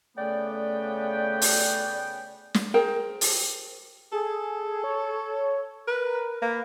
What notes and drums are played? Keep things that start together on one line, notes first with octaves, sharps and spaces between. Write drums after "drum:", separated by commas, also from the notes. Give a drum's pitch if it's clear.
C#3 A3 B3 D5 G5
drum: open hi-hat
drum: snare
G#4 A#4 C5 G5
drum: open hi-hat
G#4 A4
G#4
C#5
A#4 B4
A#3 B4